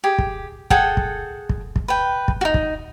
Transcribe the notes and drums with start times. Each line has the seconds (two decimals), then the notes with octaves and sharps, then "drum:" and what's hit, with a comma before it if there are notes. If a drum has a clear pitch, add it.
0.04 G4 G#4
0.18 drum: kick
0.70 G#4 A4 F#5 G5, drum: kick
0.97 drum: kick
1.49 drum: kick
1.76 drum: kick
1.88 B4 G5
2.28 drum: kick
2.41 D#4 F#4
2.54 drum: kick